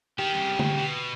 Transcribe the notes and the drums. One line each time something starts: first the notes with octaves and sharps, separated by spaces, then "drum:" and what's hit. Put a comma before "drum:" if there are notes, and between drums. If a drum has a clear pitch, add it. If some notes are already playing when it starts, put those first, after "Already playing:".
D#3 G4
C2 C#3
drum: tom
B2